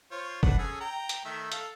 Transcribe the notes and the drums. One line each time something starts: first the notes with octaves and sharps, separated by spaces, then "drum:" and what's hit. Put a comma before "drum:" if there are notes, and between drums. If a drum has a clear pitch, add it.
F4 C5 C#5
D4 B4 F#5, drum: kick
C#4 G#4 A4
G5 A#5
drum: hi-hat
D#3 A3 E5
A4 F5, drum: hi-hat